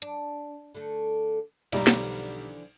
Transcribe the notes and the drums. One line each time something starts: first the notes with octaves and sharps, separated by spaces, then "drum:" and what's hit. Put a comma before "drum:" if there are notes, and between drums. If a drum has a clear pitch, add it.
D4, drum: hi-hat
D3 A3
B1 G3 D5 A#5, drum: cymbal
D3 E3 F3, drum: snare